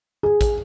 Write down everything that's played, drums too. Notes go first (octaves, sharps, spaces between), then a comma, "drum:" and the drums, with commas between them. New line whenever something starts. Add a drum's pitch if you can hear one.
G#4
drum: kick, hi-hat